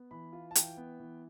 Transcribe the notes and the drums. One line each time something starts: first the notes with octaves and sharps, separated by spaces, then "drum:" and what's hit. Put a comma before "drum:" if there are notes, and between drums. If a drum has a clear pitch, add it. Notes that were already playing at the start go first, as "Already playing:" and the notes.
Already playing: B3
E3 B5
F4
A5
E3 G5, drum: hi-hat
B3
E3